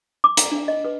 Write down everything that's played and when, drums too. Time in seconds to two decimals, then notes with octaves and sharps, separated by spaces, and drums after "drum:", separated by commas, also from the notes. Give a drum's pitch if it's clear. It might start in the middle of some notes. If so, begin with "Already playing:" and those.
0.24 D6
0.37 A#5, drum: hi-hat
0.52 D4
0.68 D#5
0.84 B4